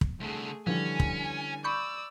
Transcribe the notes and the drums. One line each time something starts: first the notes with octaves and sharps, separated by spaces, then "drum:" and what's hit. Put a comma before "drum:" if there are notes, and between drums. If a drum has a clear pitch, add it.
drum: kick
C2 D3 A3 G#4
D3 E3 F3 G3 C#4 G#5
drum: kick
D5 B5 C#6 E6 G6